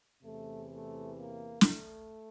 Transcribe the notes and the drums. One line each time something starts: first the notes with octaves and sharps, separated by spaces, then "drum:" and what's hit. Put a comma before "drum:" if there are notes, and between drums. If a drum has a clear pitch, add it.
E2 C3 E3 A3
A3
A#3
A3, drum: snare